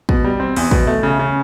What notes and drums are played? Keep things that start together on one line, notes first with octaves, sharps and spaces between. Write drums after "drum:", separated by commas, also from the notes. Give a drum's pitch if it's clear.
B2, drum: kick
G3
C4
E2, drum: open hi-hat
B2, drum: kick
A3
C#3
C#3